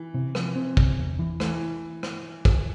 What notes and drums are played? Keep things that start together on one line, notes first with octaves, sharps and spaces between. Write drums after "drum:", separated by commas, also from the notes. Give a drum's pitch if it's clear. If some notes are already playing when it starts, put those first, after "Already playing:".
Already playing: E3
C3
F3, drum: rim click
C4
C3, drum: kick
E2
E3
E3 A3, drum: rim click
drum: rim click
drum: kick